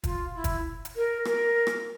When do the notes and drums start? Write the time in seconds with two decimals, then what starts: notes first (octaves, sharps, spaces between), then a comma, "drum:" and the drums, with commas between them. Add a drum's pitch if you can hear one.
0.04 F4, drum: kick, hi-hat
0.34 E4
0.44 drum: kick, hi-hat
0.85 drum: hi-hat
0.96 A#4
1.25 A#4, drum: rim click
1.67 drum: rim click